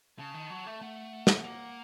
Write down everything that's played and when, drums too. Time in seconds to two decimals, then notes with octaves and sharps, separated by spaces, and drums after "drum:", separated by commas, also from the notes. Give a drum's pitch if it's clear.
0.18 C#3 A5
0.34 D#3
0.50 F#3
0.66 A3
0.81 A3 F#5
1.27 drum: snare
1.44 A#3